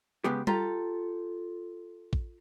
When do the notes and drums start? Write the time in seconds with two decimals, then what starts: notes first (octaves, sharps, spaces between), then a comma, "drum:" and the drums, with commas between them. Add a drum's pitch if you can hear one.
0.24 C#3 G#3 B3 G4
0.47 F4 G4 A4 A#5, drum: tom G3
2.13 drum: kick